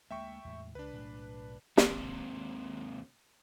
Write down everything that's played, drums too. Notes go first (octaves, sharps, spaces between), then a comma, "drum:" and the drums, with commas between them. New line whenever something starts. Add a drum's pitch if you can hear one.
D2 G#3 A#3 E5 G5 C#6
E2 A2 G#3
C#2 D4 B4
B1 A2
D#2 C3, drum: snare